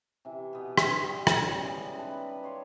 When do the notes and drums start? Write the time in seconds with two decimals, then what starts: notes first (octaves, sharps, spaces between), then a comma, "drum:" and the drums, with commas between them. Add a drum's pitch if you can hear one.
0.25 C3 E3
0.53 B2 B3
0.77 drum: rim click
1.04 G3
1.27 drum: rim click
1.45 C#3 G3 G#3 E4
1.96 D#3 B4 A5 B5
2.44 C#5 F5 C6 D6